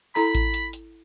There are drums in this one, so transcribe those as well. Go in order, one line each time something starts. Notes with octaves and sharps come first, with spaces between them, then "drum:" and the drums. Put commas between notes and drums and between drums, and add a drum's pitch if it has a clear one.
E4 A4 A#5 B5
drum: kick A1, hi-hat
drum: hi-hat
drum: hi-hat